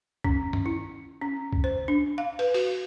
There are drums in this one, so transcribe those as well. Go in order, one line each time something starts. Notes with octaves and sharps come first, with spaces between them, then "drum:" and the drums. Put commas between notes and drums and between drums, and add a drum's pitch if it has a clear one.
C#4, drum: kick C2
drum: tom G2
E4
C#4
drum: kick C2
C5
D4
F5
B4, drum: cymbal
F#4, drum: open hi-hat